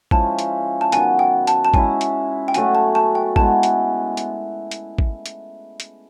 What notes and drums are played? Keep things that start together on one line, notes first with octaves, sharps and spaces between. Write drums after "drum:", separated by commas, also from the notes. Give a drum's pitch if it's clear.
F3 G#3 C#4 E4 A5, drum: kick
drum: hi-hat
A5
D#3 F#3 B3 G#5, drum: hi-hat
G5
A5, drum: hi-hat
A5
G#3 C#4 E4 G#5, drum: kick
drum: hi-hat
G5
F#3 A3 C#4 F#4 G#5, drum: hi-hat
A5
A5
G5
G#3 B3 E4 A5, drum: kick
drum: hi-hat
drum: hi-hat
drum: hi-hat
drum: kick
drum: hi-hat
drum: hi-hat